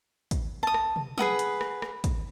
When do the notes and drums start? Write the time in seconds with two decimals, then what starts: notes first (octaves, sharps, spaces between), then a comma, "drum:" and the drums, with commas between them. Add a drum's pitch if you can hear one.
0.31 drum: kick, hi-hat
0.63 A5 D#6
0.74 drum: rim click
0.96 drum: tom
1.18 G#4 B4 F#5 D#6, drum: tom
1.39 drum: hi-hat
1.61 drum: rim click
1.82 drum: rim click
2.04 drum: kick, hi-hat